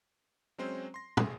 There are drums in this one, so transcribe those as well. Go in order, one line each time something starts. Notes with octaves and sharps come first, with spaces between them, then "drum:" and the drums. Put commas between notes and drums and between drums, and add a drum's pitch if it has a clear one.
F#3 G#3 C4 C#4 C5
C6 A#6
A1 A2 G#4 C6, drum: tom